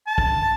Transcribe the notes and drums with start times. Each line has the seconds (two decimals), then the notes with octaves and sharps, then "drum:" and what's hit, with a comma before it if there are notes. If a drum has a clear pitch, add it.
0.07 A5
0.18 drum: kick